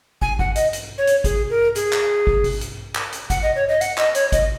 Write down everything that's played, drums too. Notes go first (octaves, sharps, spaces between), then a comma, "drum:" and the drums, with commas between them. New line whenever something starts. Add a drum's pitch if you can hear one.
G#5, drum: kick
F#5, drum: kick
D#5, drum: hi-hat
drum: hi-hat
C#5
drum: hi-hat
G#4, drum: kick, hi-hat
A#4
G#4, drum: hi-hat
drum: clap
drum: kick
drum: kick, open hi-hat
drum: hi-hat
drum: clap
drum: hi-hat
F#5, drum: kick, hi-hat
D#5
C#5
D#5
F#5, drum: hi-hat
D#5, drum: clap
C#5, drum: hi-hat
D#5, drum: kick, hi-hat